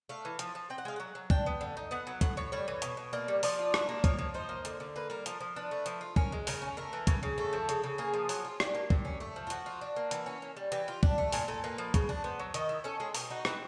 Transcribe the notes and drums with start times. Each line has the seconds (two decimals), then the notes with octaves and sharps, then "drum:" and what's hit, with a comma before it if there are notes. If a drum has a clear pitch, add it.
0.09 A3 F5
0.25 E3
0.39 F3, drum: hi-hat
0.55 F3
0.70 C4 G5
0.78 F#5
0.85 G#3 F5
0.96 F#3 F#5
1.15 F#3
1.30 D4 G5, drum: kick
1.46 B3
1.61 D3
1.77 D#4
1.91 B3 F#5
2.07 F#3
2.21 A2 F#5, drum: kick, hi-hat
2.37 A2 C#5
2.52 G3 C#5
2.68 E3
2.82 B2, drum: hi-hat
2.97 B2
3.13 A#3 D5
3.28 G3
3.43 F3 D5, drum: open hi-hat
3.59 F4
3.74 D4, drum: rim click
3.89 A#3
4.04 F3 C#5, drum: kick, hi-hat
4.19 F3
4.34 D#4 C5
4.49 A#3
4.65 D3, drum: hi-hat
4.80 D3
4.96 A#3 B4
5.10 G3 A#4
5.26 F3, drum: hi-hat
5.40 F3
5.56 D4 B4
5.71 A3
5.86 F3, drum: hi-hat
6.01 F4
6.16 C#4 A#4, drum: kick
6.32 G#3
6.47 C#3 A#4, drum: open hi-hat
6.62 C#4
6.77 A3 A#4
6.93 E3
7.07 C#3, drum: kick, hi-hat
7.23 C#3
7.38 A3 A4
7.53 F3
7.69 C#3, drum: hi-hat
7.84 C#3
7.98 A#3 G#4
8.14 F3
8.29 F#3, drum: open hi-hat
8.45 F4
8.60 D4 G4, drum: rim click
8.75 A#3
8.90 A#2, drum: kick
9.05 C#4
9.20 A3
9.36 F3
9.47 F4
9.50 F3 F#4, drum: hi-hat
9.66 F4
9.81 D4
9.96 A#3
10.11 E3, drum: hi-hat
10.26 C#4
10.42 A#3
10.57 G3
10.72 E3 G4, drum: hi-hat
10.88 F4
11.03 D4, drum: kick
11.18 A3
11.32 A#2 G#4, drum: open hi-hat
11.48 A#2 A4
11.64 A#3 B4
11.78 F3
11.94 C#3, drum: kick, hi-hat
12.09 D4
12.24 B3 C5
12.39 F#3
12.54 D#3 D#5, drum: hi-hat
12.69 E4
12.84 C#4 A4
13.00 G#3 G#4
13.15 B2 G4, drum: open hi-hat
13.30 D#4 F#4
13.45 C4 B4, drum: rim click